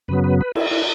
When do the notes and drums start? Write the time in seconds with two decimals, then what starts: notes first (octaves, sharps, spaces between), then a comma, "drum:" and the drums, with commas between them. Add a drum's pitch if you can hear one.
0.08 F#2 C#3 F#3 B3 B4
0.24 B4
0.41 B4
0.55 E4, drum: cymbal
0.71 E4